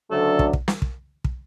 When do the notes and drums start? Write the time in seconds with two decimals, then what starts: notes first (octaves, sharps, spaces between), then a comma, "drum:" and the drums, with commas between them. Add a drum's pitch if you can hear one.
0.10 D2 C#3 F#3 A3 D4 A4
0.39 drum: kick
0.53 drum: kick
0.68 drum: snare
0.82 drum: kick
1.24 drum: kick